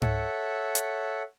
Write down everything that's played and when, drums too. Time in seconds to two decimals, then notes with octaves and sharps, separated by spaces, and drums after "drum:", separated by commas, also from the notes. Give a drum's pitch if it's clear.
0.02 A4 C#5 E5 F#5, drum: tom G#2
0.75 drum: hi-hat